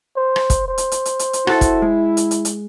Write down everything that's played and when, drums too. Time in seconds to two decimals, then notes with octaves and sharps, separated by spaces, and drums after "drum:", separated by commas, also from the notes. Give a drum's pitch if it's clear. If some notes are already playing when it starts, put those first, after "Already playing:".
0.16 C5
0.36 drum: rim click
0.50 drum: kick, hi-hat
0.68 C5
0.78 drum: hi-hat
0.92 drum: hi-hat
1.05 drum: hi-hat
1.19 drum: hi-hat
1.33 drum: hi-hat
1.47 E4 F#4 A4, drum: rim click
1.61 drum: kick, hi-hat
1.82 G#3
2.17 drum: hi-hat
2.31 drum: hi-hat
2.45 drum: hi-hat